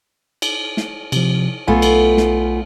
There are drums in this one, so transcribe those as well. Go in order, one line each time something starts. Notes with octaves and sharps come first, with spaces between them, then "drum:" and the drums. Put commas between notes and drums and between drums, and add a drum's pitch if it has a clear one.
drum: cymbal
drum: snare
C3 F3, drum: cymbal
B1 A3 B3 F4 G#5
drum: cymbal
drum: snare